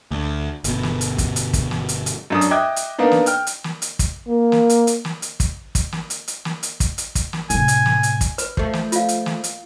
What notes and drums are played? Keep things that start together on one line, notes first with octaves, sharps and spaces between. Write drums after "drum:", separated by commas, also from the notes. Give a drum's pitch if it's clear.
D2
G1 B2, drum: hi-hat
drum: snare
drum: hi-hat
drum: kick, hi-hat
drum: hi-hat
drum: kick, hi-hat
drum: snare
drum: hi-hat
drum: hi-hat
F#2 D4 D#6
drum: hi-hat
D#5 E5 G5 D6 F#6 G#6
drum: hi-hat
A#3 B3 D4 D#4
drum: snare
G5 F6, drum: hi-hat
drum: hi-hat
drum: snare
drum: hi-hat
drum: kick, hi-hat
A#3
drum: snare
drum: hi-hat
drum: hi-hat
drum: snare
drum: hi-hat
drum: kick, hi-hat
drum: kick, hi-hat
drum: snare
drum: hi-hat
drum: hi-hat
drum: snare
drum: hi-hat
drum: kick, hi-hat
drum: hi-hat
drum: kick, hi-hat
drum: snare
A2 C3 G#5, drum: hi-hat
drum: hi-hat
drum: snare
drum: hi-hat
drum: kick, hi-hat
B4, drum: hi-hat
F3 A3, drum: kick
drum: snare
F4 F5, drum: hi-hat
drum: hi-hat
drum: snare
drum: hi-hat